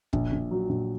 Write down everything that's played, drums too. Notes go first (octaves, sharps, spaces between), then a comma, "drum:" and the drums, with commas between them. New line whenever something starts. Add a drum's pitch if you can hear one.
A#1, drum: kick
A#1
F#3
A#1